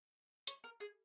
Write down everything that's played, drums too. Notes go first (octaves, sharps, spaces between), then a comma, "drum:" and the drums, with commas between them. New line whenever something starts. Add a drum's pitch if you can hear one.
C#5, drum: hi-hat
A#4
G#4